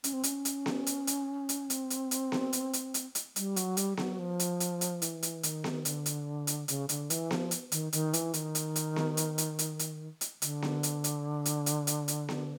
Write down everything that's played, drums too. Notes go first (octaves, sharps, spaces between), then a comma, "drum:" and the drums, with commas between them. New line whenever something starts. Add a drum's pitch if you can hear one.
C#4, drum: hi-hat
C4
C#4, drum: hi-hat
drum: hi-hat
drum: snare B3
drum: hi-hat
drum: hi-hat
drum: hi-hat
C4, drum: hi-hat
drum: hi-hat
drum: hi-hat
drum: snare B3
drum: hi-hat
drum: hi-hat
drum: hi-hat
drum: hi-hat
G3, drum: hi-hat
F#3, drum: hi-hat
G3, drum: hi-hat
F#3, drum: snare B3
F3
drum: hi-hat
drum: hi-hat
drum: hi-hat
E3, drum: hi-hat
drum: hi-hat
D#3, drum: hi-hat
drum: snare B3
D3, drum: hi-hat
drum: hi-hat
drum: hi-hat
C#3, drum: hi-hat
D3, drum: hi-hat
E3, drum: hi-hat
F3, drum: snare B3
drum: hi-hat
D#3, drum: hi-hat
D#3, drum: hi-hat
E3, drum: hi-hat
D#3, drum: hi-hat
drum: hi-hat
drum: hi-hat
drum: snare B3
drum: hi-hat
drum: hi-hat
drum: hi-hat
drum: hi-hat
drum: hi-hat
D3, drum: hi-hat
drum: snare B3
drum: hi-hat
drum: hi-hat
drum: hi-hat
drum: hi-hat
drum: hi-hat
drum: hi-hat
drum: snare B3